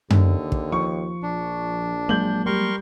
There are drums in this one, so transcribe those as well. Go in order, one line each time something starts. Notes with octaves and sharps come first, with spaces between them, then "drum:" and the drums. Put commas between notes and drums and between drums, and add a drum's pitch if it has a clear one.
D#2 D3, drum: tom F#2
drum: kick
F3 C#6
A#1 D4
F#3 G#3 A#3 G6 F#7
G3 A#4 C6 C#6